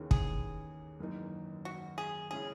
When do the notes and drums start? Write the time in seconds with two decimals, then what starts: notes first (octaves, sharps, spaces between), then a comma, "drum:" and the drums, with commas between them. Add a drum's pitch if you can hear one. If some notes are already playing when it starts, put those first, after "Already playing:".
Already playing: D#2 C#3 E3 A#3 C#4
0.11 G#4, drum: kick
0.99 G#1 F#2 E3 A#3 D#4
1.65 F#4
1.98 G#4
2.31 C#3 G#3 C#4 E4 G#4